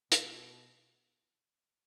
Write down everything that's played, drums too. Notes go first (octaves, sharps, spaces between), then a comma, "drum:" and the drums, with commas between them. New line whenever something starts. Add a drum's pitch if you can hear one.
B2, drum: hi-hat